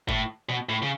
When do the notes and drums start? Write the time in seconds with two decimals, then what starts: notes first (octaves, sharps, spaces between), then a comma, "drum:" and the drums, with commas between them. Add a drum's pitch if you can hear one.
0.09 A2, drum: kick F#1
0.49 B2
0.69 A2
0.82 C#3